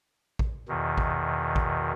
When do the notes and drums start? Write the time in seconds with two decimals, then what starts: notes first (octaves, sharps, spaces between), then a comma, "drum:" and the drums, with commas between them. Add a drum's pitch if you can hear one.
0.39 drum: kick A1
0.68 E2 B2 D#3
0.98 drum: kick A1
1.56 drum: kick A1